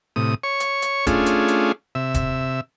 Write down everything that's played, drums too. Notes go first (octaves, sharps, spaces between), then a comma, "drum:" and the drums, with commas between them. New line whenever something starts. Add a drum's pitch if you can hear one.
A2 C3 D#6
C#5 C#6
drum: hi-hat
drum: hi-hat
A3 C#4 D4 F4 G#4, drum: kick, hi-hat
drum: hi-hat
drum: hi-hat
C3 E5
drum: kick, hi-hat